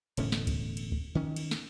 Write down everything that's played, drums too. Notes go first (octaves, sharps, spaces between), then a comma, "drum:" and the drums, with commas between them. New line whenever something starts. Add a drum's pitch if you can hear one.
E1 A2 D3 C#4, drum: cymbal
drum: snare
drum: kick C#2, cymbal
drum: cymbal
drum: kick C#2
D#3 C#4
drum: cymbal
drum: snare